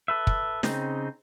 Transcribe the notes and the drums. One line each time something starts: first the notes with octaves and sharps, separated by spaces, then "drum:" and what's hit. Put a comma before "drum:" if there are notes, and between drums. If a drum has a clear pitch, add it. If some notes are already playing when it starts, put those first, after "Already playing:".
A4 B4 E5
drum: kick
C#3 C4 D#4, drum: snare